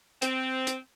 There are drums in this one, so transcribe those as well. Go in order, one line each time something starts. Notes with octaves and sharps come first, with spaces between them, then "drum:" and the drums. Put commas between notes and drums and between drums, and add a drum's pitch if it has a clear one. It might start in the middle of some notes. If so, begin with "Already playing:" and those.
C4, drum: hi-hat
drum: hi-hat